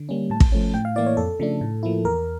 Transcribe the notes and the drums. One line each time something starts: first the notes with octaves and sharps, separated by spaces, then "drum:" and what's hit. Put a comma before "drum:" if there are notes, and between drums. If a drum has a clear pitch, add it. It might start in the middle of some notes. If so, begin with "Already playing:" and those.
Already playing: D3
G3 A#3 C#4
A2 A5
drum: kick
F3 A3 C#4
A2 G5
F5
E3 A#3 E4 D5
C#5
F2 A4
C#3 F3 A3 D4
A2
F3 A#3 E4
E2 A#4